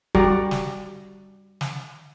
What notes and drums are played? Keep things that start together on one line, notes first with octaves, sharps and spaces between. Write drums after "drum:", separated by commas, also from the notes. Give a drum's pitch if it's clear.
G3 F#4 G4 D5 A#5, drum: kick
drum: snare
drum: snare